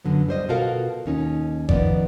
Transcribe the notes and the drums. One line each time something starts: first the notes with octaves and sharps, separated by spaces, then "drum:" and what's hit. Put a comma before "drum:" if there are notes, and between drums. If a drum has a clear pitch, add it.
F#2 D3 F#3 B3
G3 C5 D#5
B2 F4 F#4 A4 A#4 F5
D#2 C#4 D#4
D#3 F3 B3 D#4 D5, drum: kick G1